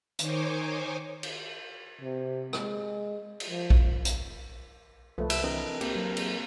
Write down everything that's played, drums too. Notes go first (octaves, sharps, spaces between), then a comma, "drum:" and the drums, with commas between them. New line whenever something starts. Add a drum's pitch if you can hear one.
D#3 D#4 C5 C#5 G#5 D6, drum: hi-hat
drum: cymbal
C3
G#3, drum: rim click
drum: cymbal
F3
drum: kick A#1
drum: hi-hat
C2 F3 A3 A4 B4
E5, drum: cymbal
E3 C4 D4 A#4 D#5
A#3 C4 G4, drum: cymbal
F#3
G#4, drum: cymbal